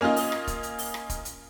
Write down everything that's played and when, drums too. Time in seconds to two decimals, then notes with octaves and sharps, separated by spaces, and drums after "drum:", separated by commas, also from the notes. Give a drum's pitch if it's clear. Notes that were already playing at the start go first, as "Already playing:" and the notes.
0.01 A#3 C#4 D#4 F4 D#5
0.16 drum: open hi-hat
0.32 drum: rim click
0.47 drum: kick, hi-hat
0.63 drum: hi-hat
0.78 drum: open hi-hat
0.94 drum: rim click
1.10 drum: kick, hi-hat
1.25 drum: hi-hat